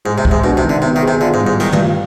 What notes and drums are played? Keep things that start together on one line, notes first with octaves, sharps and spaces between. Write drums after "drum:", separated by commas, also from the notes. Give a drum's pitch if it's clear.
G#2 G#3
C3
G4, drum: kick
G#2
B2 D4
C3
D#3
D3
C3 B3
D#3
G#4
C3
D3 F4
G#2
G3
G#2
D#3 G3, drum: cymbal
G2, drum: tom
F4